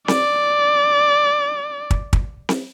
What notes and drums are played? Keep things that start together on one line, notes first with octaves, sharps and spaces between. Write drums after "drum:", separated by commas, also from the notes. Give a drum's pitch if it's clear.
D5, drum: snare C4
drum: kick
drum: kick
drum: snare C4